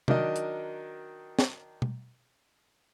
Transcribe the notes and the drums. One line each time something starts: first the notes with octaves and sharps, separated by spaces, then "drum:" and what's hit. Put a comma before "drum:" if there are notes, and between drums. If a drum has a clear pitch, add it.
D#3 F#3 D4 A#4 D#5, drum: tom
drum: hi-hat
drum: snare
drum: tom B2